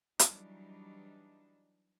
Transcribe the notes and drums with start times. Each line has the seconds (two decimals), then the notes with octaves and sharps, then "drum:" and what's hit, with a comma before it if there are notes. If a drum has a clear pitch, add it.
0.19 E3 F#3 G3 D4 D#4, drum: hi-hat